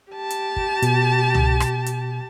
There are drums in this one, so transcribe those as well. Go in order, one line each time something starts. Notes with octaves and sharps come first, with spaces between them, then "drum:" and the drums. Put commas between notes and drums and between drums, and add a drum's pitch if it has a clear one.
G4 A5
drum: hi-hat
drum: kick
B2, drum: hi-hat
drum: tom
drum: rim click
drum: hi-hat